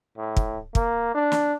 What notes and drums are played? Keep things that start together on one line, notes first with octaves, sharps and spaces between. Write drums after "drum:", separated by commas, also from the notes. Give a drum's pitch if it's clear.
A2
drum: kick
A#3, drum: kick
D4
drum: snare